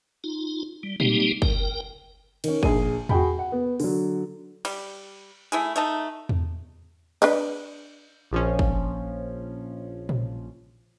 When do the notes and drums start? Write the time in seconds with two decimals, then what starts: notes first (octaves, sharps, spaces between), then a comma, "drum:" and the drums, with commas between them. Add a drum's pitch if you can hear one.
0.24 D#4 F4
0.83 G3
1.00 G3 G#3 A#3 C4 D#4 G4, drum: tom A#2
1.42 A#4 G5, drum: kick
2.44 D#3 C#4, drum: cymbal
2.63 A#1 G#4 D#7, drum: kick
3.09 F#4 G#4 G5 B5, drum: tom E2
3.39 F#5
3.52 B3
3.80 D3 F#3, drum: open hi-hat
4.65 G3, drum: cymbal
5.52 A3 E4 G#4, drum: hi-hat
5.76 A3 D#4 A5, drum: hi-hat
6.29 drum: tom E2
7.22 D4 B4 D#5, drum: cymbal
8.32 A#1 F3 C#4
8.59 drum: kick
10.09 drum: tom A#2